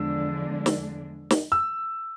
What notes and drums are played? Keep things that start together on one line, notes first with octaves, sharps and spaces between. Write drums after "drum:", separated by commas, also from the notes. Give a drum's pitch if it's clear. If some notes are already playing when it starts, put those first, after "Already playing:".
Already playing: E2 D3 F3 G#3 D4 E6
drum: snare
drum: snare
E6